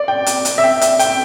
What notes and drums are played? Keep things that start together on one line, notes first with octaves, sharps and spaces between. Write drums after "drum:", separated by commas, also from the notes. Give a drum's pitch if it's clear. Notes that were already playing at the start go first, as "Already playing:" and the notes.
Already playing: D5
G5
drum: hi-hat
drum: hi-hat
E5
G5
E5, drum: hi-hat
G5, drum: hi-hat